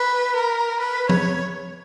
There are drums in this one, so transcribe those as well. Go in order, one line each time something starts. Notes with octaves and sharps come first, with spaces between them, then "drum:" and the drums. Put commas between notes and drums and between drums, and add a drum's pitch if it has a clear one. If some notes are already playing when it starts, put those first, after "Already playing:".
Already playing: B4
A#4
B4
C#5, drum: tom F3